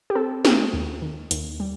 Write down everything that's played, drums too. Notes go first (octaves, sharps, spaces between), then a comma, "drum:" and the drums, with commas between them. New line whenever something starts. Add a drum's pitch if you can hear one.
G4
C4 A4
C4, drum: snare
D#2
D#3
D#2, drum: hi-hat
G3